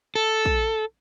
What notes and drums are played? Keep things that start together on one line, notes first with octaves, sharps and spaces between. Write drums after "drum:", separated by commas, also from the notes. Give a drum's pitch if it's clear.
A4
drum: kick